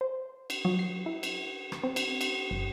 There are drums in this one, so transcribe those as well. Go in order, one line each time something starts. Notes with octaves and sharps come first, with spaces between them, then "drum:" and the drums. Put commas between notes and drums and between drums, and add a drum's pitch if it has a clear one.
C5
drum: cymbal
F#3
C7
E4
drum: cymbal
drum: rim click
C4
drum: cymbal
drum: cymbal
G1